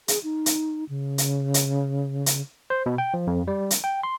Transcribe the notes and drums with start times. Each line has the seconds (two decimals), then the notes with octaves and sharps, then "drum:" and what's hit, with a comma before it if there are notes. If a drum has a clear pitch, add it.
0.08 G#4, drum: hi-hat
0.24 D#4
0.46 drum: hi-hat
0.89 C#3
1.18 drum: hi-hat
1.54 drum: hi-hat
2.26 drum: hi-hat
2.70 C5
2.86 B2
2.98 G5
3.14 F3
3.27 F2
3.47 G3
3.71 drum: hi-hat
3.84 G5
4.03 C6